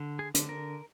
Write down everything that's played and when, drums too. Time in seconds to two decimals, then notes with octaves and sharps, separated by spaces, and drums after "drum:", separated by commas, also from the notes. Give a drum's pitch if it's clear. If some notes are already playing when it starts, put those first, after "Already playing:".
Already playing: D3
0.19 G#4
0.34 D3, drum: hi-hat
0.49 A#4